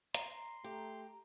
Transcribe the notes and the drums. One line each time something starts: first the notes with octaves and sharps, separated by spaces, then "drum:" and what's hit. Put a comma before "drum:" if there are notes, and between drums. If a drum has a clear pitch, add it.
A#5 C6, drum: hi-hat
A3 G4